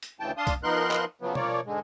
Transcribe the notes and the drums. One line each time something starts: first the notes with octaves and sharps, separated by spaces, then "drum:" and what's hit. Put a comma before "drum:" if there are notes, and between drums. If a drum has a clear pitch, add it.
drum: hi-hat
D2 C#3 E3 G5 A5
D4 F5 A5 C6 D#6
drum: kick C2, hi-hat
F3 B3 D#4 A#4 C6 F#6
drum: clap
C#3 F3 F#3 B3
F3 A#3 C#5 D5, drum: tom B2
G#2 D3 G#3